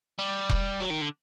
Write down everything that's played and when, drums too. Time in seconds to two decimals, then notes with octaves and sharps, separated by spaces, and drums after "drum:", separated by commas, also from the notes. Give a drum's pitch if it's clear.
0.19 G3
0.49 drum: kick E1
0.80 F#3
0.90 D#3
1.02 D3